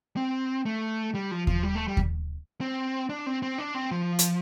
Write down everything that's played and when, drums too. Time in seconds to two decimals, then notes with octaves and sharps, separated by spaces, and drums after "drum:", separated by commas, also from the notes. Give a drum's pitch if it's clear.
0.17 C4
0.65 A3
1.15 G3
1.31 F3
1.47 F3, drum: kick D#2
1.63 G3
1.75 A3
1.88 G3
1.97 drum: kick D#2
2.61 C4
3.09 D4
3.26 C4
3.43 C4
3.58 D4
3.75 C4
3.91 F3
4.19 drum: hi-hat